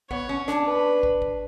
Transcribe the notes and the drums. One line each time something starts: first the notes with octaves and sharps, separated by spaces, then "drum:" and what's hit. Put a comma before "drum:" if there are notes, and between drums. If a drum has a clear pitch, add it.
B3 C#5, drum: kick
C#4
D4, drum: snare
B4
drum: kick
drum: kick